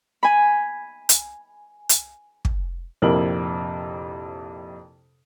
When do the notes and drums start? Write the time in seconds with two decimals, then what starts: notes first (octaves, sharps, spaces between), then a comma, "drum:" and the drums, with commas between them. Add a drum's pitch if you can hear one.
0.23 G#5 B5
1.09 drum: hi-hat
1.89 drum: hi-hat
2.45 drum: kick
3.02 A#1 F2 C3 E4 A#4 F#7